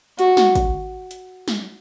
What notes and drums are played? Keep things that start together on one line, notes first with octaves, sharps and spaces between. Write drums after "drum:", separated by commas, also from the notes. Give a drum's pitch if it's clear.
F#4, drum: hi-hat
drum: snare
drum: kick, hi-hat
drum: hi-hat
drum: snare